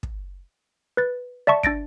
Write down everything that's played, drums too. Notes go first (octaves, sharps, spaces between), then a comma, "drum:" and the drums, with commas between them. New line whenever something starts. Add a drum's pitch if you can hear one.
drum: kick
B4 A6
D5 E5 A5 C#6
D4 A6 A#6 D7, drum: kick